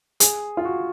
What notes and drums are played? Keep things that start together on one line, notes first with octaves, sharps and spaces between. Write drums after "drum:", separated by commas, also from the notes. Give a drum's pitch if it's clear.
G#4, drum: hi-hat
F4
F#4